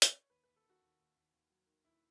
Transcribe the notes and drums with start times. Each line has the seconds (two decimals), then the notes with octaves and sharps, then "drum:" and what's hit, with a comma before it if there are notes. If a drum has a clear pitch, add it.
0.02 drum: hi-hat
0.19 C#5
0.30 D#2 B4
0.44 D#2 B4
0.56 A4
0.65 D#3 F#4
0.82 D#2
0.99 D#2
1.16 D#2
1.33 D#2
1.50 F#3
1.67 D#3
1.85 D#2 E4